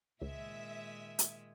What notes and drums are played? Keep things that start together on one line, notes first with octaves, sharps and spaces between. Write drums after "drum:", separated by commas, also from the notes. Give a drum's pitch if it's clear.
C#2 A#2 D#3 G#3 E5
drum: hi-hat